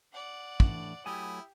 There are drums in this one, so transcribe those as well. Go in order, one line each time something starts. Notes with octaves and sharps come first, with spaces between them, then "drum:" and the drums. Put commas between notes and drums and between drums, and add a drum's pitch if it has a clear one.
D5 F#5
A2 E3 D4, drum: kick
F#3 A3 E4 G4 G#5 D#6